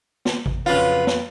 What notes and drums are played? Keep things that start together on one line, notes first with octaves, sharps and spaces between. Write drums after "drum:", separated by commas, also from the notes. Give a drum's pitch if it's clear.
drum: snare
drum: kick G#1
F2 C#3 F#3 F4 B4
drum: snare